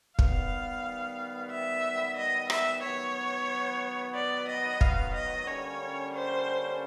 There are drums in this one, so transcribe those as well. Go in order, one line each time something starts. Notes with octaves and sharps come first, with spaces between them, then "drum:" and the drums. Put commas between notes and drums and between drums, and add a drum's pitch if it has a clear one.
D#3 G3 B3 F5, drum: kick
E5
D#5
E5, drum: rim click
D#3 F#3 B3 C#5
D5
D#5
F5, drum: kick
D#5
D3 G3 A#3 C#4 C#5
C5